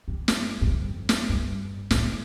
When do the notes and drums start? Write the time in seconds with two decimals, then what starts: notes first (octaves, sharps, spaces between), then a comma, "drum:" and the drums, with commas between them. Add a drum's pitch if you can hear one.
0.08 G2
0.28 drum: snare
0.61 G2
0.68 F2
1.09 drum: snare
1.29 G2
1.91 A2, drum: snare